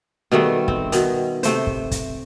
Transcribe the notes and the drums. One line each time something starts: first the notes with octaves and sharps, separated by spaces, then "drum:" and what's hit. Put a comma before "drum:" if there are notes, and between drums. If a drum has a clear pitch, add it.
B2 D#3 G3 A3
C4, drum: kick
B2 D#3, drum: hi-hat
C3 A3 C5, drum: hi-hat
drum: kick
drum: kick, hi-hat